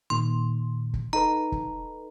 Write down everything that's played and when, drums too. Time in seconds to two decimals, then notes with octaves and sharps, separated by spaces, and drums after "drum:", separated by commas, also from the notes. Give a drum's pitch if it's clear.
0.10 A#2 D#3 C6
0.94 drum: kick
1.13 D#4 A4 B4 A#5
1.52 drum: kick